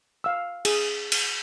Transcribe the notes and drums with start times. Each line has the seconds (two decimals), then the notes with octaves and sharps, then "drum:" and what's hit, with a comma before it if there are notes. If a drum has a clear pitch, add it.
0.24 F5 E6
0.65 G#4, drum: cymbal
1.12 drum: cymbal